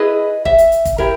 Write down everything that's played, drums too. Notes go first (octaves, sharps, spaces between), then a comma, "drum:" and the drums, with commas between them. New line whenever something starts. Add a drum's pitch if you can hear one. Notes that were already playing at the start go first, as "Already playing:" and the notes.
Already playing: E4 G#4 B4 D#5
E5, drum: kick
drum: hi-hat
drum: hi-hat
drum: kick, hi-hat
E4 G4 A#4, drum: kick